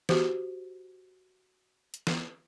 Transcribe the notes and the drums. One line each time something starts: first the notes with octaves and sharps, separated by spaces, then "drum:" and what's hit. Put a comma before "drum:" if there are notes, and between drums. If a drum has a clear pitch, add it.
F#4 G4 C5, drum: snare
drum: hi-hat
drum: snare